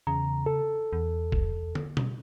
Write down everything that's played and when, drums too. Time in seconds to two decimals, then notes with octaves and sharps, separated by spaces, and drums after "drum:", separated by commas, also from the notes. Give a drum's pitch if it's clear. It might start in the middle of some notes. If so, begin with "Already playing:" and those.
0.07 E2 C#3 A#5
0.46 A4
0.93 E2
1.32 drum: kick D#1
1.75 drum: tom
1.97 drum: tom B2